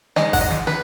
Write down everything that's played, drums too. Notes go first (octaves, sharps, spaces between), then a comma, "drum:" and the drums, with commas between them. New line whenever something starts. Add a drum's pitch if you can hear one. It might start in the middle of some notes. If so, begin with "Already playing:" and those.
G#3 D#4 D#5, drum: snare
F#5, drum: kick G#1, open hi-hat
D#5
drum: snare
B4, drum: snare